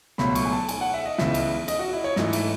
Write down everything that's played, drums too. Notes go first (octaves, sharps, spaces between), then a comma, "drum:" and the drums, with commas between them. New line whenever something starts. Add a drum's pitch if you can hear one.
C#2 B2 F#3 A3 B5, drum: snare
C#6, drum: cymbal
G#5
A5
G#5, drum: cymbal
F#5
E5
D#5
C#2 C#3 E3 B3 E5, drum: snare
drum: cymbal
D#5, drum: cymbal
F#4
E4
C#5
G#2 E3 A3 D#5, drum: snare
E5, drum: cymbal